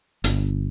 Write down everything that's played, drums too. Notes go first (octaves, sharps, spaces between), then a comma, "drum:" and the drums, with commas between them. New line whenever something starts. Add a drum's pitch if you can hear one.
G1, drum: hi-hat